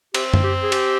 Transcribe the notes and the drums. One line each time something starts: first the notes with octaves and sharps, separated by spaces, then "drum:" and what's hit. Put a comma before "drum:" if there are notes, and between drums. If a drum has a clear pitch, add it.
C4 G4, drum: cymbal
drum: tom F#2
G4
G#4
G4, drum: cymbal